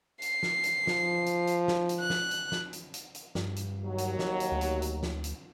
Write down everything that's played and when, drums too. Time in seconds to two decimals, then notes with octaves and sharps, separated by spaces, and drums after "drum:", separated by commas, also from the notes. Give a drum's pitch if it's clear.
0.22 C7, drum: hi-hat
0.43 drum: snare
0.64 drum: hi-hat
0.87 F3, drum: snare
1.26 drum: hi-hat
1.47 drum: hi-hat
1.68 drum: snare
1.89 drum: hi-hat
2.00 F#6
2.10 drum: snare
2.31 drum: hi-hat
2.52 drum: snare
2.73 drum: hi-hat
2.94 drum: hi-hat
3.15 drum: hi-hat
3.35 G2, drum: snare
3.56 drum: hi-hat
3.84 D#2 F#3
3.98 drum: hi-hat
4.19 drum: snare
4.40 drum: hi-hat
4.52 D2
4.61 drum: hi-hat
4.82 drum: hi-hat
5.03 drum: snare
5.24 drum: hi-hat